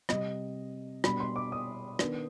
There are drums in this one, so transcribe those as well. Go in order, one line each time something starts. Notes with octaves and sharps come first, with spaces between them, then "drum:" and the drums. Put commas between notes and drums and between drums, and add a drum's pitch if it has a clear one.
C3 G3 C4 D#5, drum: rim click
B2 G3 D4 B5, drum: rim click
C6
D6
D#6
D#3 B3 D4, drum: rim click